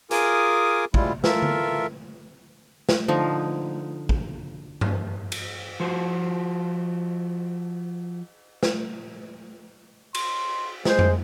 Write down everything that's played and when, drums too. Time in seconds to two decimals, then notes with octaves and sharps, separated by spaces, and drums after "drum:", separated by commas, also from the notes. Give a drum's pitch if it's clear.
0.11 F4 G#4 A#4 G#5 D6 D#6, drum: hi-hat
0.94 D2 G3 G#3 E4 F4, drum: kick
1.24 E3 F4 A4 A#4 E5, drum: snare
1.42 drum: tom D3
2.89 drum: snare
3.08 D3 F3 D#4
4.09 drum: kick
4.81 drum: tom G2
5.32 drum: cymbal
5.80 F3 F#4 C5
8.63 drum: snare
10.15 C6, drum: cymbal
10.85 G#3 C5, drum: snare
10.99 drum: tom F2